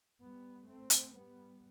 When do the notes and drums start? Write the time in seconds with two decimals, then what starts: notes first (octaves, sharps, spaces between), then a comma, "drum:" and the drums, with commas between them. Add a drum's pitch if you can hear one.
0.19 G3 B3
0.67 A3 C4
0.90 drum: hi-hat
1.15 G3 B3